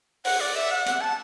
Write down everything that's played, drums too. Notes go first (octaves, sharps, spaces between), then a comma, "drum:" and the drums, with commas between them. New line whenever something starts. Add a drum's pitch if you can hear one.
F#5, drum: open hi-hat
D5
E5
F#5
F#5, drum: hi-hat
A5